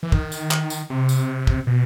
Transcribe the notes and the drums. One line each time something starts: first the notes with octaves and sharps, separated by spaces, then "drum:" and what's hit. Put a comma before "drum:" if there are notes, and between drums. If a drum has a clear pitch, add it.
E3
D#3, drum: kick
drum: tambourine
drum: clap
drum: tambourine
C3
drum: tambourine
drum: kick
B2